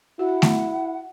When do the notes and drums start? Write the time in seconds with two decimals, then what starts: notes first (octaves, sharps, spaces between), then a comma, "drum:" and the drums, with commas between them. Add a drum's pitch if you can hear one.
0.19 E4 F#4 F#5
0.42 drum: snare A3